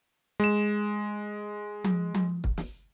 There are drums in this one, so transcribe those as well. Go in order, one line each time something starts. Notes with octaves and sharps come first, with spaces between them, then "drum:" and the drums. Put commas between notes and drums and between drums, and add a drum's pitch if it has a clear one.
G#3 E7
drum: tom F3
drum: tom F3
drum: kick
drum: snare